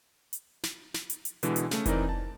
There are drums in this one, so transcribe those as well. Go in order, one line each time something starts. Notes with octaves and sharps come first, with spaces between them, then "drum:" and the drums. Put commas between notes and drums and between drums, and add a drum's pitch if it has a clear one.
drum: hi-hat
drum: snare
drum: snare
drum: hi-hat
drum: hi-hat
B2 D3 E3 G#3, drum: hi-hat
drum: hi-hat
C#3 A3, drum: snare
E3 C4 D#4 A#4 D5, drum: kick F1, hi-hat
A5